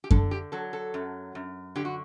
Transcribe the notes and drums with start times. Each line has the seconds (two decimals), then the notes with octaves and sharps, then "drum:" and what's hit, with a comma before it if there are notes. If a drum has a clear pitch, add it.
0.04 G4
0.11 D3 A4, drum: kick F#2
0.31 G4
0.52 F#3 A4
0.73 A4
0.94 F#2
1.35 F#2
1.76 D3 G4
1.85 F#4